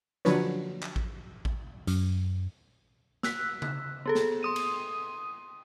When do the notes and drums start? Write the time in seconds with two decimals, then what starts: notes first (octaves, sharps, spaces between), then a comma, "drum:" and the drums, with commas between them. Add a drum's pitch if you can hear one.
0.25 D3 F3 F#3 D4 B4 C#5, drum: snare
0.82 drum: clap
0.96 drum: kick A1
1.45 drum: kick A1
1.87 F#2, drum: hi-hat
3.23 E6 F#6 B6, drum: snare
3.62 drum: tom C#3
4.06 B3 G#4 A4
4.15 drum: snare
4.43 C6 D#6 D#7
4.56 drum: cymbal